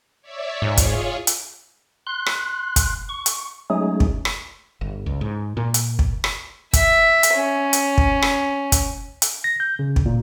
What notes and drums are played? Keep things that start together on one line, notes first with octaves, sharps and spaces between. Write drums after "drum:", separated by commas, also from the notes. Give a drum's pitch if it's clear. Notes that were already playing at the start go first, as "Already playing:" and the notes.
C#5 D5 E5
G#2 F4 G#4 C#5
drum: kick, hi-hat
drum: hi-hat
C6 F#6
drum: rim click
drum: kick, hi-hat
C#6
drum: hi-hat
F#3 G#3 A3 C#4 D#4 G#4
drum: kick
drum: rim click
G1
C#2
G#2
A#2
drum: hi-hat
drum: kick
drum: rim click
E5, drum: kick, hi-hat
drum: hi-hat
C#4
drum: hi-hat
drum: kick
drum: rim click
drum: kick, hi-hat
drum: hi-hat
A#6
G6
C#3
drum: kick
A#2